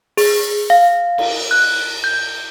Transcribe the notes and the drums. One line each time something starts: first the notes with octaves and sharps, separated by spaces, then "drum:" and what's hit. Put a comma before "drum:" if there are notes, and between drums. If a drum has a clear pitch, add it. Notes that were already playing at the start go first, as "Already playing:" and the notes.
G#4, drum: open hi-hat
F5
drum: cymbal
F#6
G6